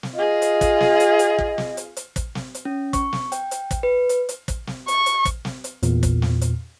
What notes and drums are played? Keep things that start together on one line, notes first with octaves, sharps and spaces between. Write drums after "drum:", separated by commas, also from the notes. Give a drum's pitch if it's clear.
drum: snare
F4 G#4 D#5
drum: hi-hat
drum: kick, hi-hat
drum: snare
drum: hi-hat
drum: hi-hat
drum: kick
drum: snare
drum: hi-hat
drum: hi-hat
drum: kick, hi-hat
drum: snare
drum: hi-hat
C#4
C#6, drum: kick, hi-hat
drum: snare
G5, drum: hi-hat
drum: hi-hat
drum: kick, hi-hat
B4
drum: hi-hat
drum: hi-hat
drum: kick, hi-hat
drum: snare
C#6, drum: hi-hat
drum: hi-hat
drum: kick, hi-hat
drum: snare
drum: hi-hat
E2 A#2, drum: hi-hat
drum: kick, hi-hat
drum: snare
drum: hi-hat